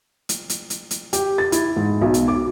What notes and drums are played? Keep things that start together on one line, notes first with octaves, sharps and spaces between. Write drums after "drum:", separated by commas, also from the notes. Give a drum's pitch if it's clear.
drum: hi-hat
drum: hi-hat
drum: hi-hat
drum: hi-hat
G4, drum: hi-hat
A6
E4, drum: hi-hat
G#2
B1
drum: hi-hat
D6